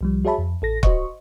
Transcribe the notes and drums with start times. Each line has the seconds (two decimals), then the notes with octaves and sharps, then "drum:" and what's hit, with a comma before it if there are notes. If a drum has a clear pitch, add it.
0.01 C2 F3 G3
0.25 F#4 G#4 C#5 E5 A5 B5
0.38 F2
0.62 A1 A4 A#6
0.83 F#4 C5 D#5 C#6, drum: kick